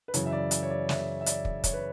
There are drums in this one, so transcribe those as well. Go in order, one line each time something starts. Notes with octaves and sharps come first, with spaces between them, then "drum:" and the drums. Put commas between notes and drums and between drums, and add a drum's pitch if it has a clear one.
B4
F#2 C#3 E3 C#5, drum: hi-hat
E5
D5
E5, drum: hi-hat
C#5
D5
E5, drum: snare
E5
D5, drum: hi-hat
drum: kick
C#5, drum: kick, hi-hat
B4